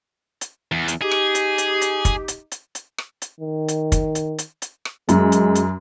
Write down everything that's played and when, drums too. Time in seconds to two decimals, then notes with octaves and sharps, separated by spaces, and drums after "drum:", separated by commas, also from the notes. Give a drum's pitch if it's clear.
0.41 drum: hi-hat
0.72 E2
0.88 drum: hi-hat
1.02 D#4 G4 G#4
1.11 drum: rim click
1.35 drum: hi-hat
1.58 drum: hi-hat
1.82 drum: hi-hat
2.05 drum: kick, hi-hat
2.28 drum: hi-hat
2.52 drum: hi-hat
2.75 drum: hi-hat
2.98 drum: rim click
3.22 drum: hi-hat
3.40 D#3
3.68 drum: hi-hat
3.92 drum: kick, hi-hat
4.15 drum: hi-hat
4.39 drum: hi-hat
4.62 drum: hi-hat
4.85 drum: rim click
5.09 F#2 G#3, drum: hi-hat
5.32 drum: hi-hat
5.55 drum: hi-hat